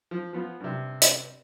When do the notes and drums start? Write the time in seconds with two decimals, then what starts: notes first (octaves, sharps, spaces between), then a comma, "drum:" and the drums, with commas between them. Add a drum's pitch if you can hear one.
0.11 F3
0.33 F3 B3 F4
0.60 G2 C3
1.02 drum: hi-hat